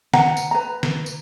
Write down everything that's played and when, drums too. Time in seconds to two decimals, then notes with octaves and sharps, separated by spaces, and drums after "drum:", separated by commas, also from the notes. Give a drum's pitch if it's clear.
0.14 F#5 A#5, drum: snare
0.37 drum: tambourine
0.51 B4 A#5
0.83 drum: snare
1.06 drum: tambourine